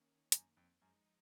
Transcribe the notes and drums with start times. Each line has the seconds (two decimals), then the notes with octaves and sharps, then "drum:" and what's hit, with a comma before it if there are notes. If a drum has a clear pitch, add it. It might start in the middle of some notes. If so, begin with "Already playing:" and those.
Already playing: D#3 A#3 C#4
0.32 F#2, drum: hi-hat
0.57 F2
0.81 F#2 F3 G#3 D#4